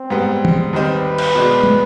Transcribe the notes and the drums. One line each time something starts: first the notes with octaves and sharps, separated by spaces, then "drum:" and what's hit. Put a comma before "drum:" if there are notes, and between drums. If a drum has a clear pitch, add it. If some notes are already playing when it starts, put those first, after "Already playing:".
Already playing: C4
G#2 G3 B3
drum: tom
D#2 D#3 G3 C4 D#4 B4
drum: cymbal
B2 G#3 D4
drum: tom